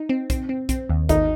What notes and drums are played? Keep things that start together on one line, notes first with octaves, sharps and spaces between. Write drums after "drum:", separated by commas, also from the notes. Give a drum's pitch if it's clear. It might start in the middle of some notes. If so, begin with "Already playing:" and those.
Already playing: D#4
C4
C4, drum: kick, hi-hat
C4
C4, drum: kick, hi-hat
D#2
G#1 D#4, drum: kick, hi-hat